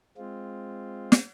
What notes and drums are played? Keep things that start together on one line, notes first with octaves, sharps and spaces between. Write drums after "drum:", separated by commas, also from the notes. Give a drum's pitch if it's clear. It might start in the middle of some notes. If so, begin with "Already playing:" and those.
G#3 C4 F4
drum: snare